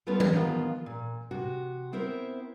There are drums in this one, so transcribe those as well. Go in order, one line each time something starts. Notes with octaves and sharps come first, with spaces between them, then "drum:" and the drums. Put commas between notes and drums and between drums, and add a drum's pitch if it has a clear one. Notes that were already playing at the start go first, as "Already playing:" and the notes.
G3 A3 B3 C#4 F4 B4
drum: tom E3
D#3 F3 B3 F4
A#2
C3 F#4
B3 C4 E4 A#4 C5